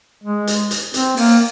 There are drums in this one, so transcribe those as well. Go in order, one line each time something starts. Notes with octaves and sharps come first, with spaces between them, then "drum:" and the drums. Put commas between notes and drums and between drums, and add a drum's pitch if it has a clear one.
G#3
drum: hi-hat
drum: hi-hat
C4, drum: hi-hat
A#3, drum: open hi-hat